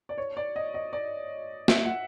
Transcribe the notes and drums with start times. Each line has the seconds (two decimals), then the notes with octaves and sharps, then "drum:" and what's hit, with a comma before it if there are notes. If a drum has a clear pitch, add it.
0.09 D5
0.18 C#5
0.37 D5
0.56 D#5
0.74 D#5
0.93 D5
1.68 E5, drum: snare
1.85 F#5